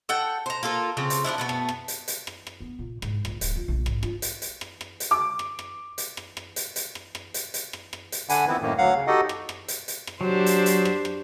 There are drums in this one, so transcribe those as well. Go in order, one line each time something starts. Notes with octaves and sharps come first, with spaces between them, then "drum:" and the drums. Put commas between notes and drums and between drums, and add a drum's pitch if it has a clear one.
A4 F#5 G5
C5 A#5
A#3 F4 A4 A#4
C#3 F3 C4
drum: hi-hat
F3 G#3 D4 E4
B2 A3 B3
drum: rim click
drum: rim click
drum: hi-hat
drum: hi-hat
drum: rim click
drum: rim click
B3
A#2
G#2, drum: rim click
A#1, drum: rim click
D1, drum: hi-hat
F4
A#1
G#2, drum: rim click
F4, drum: rim click
drum: hi-hat
drum: hi-hat
drum: rim click
drum: rim click
drum: hi-hat
D6
drum: rim click
drum: rim click
drum: hi-hat
drum: rim click
drum: rim click
drum: hi-hat
drum: hi-hat
drum: rim click
drum: rim click
drum: hi-hat
drum: hi-hat
drum: rim click
drum: rim click
drum: hi-hat
D3 D4 F#5 G#5 B5, drum: hi-hat
D#3 F3 B3 C4 E4 B4
F#2 A2 D#3 A#3
D2 F#3 F5 F#5
C#3
D#4 F#4 G4 A4 D#5 F#5
drum: rim click
drum: rim click
drum: hi-hat
drum: hi-hat
drum: rim click
F#3 D4 G4 C5
drum: hi-hat
drum: hi-hat
drum: rim click
drum: rim click